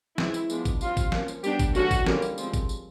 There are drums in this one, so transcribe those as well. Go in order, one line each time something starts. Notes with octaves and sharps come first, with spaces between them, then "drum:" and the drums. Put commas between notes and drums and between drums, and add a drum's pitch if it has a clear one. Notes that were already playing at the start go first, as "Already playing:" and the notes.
E3 G#3 C4 E4, drum: snare
drum: tambourine
F3 G#3 B3 D4, drum: tambourine
drum: kick, tambourine
G3 C4 F4, drum: tambourine
drum: kick, tambourine
F3 A#3 C#4, drum: snare
drum: tambourine
G3 B3 D4 G4, drum: tambourine
drum: kick, tambourine
E3 A3 C#4 F#4, drum: tambourine
drum: kick, tambourine
D3 G3 A#3 C#4, drum: snare
drum: tambourine
F3 G#3 C4, drum: tambourine
drum: kick, tambourine
drum: tambourine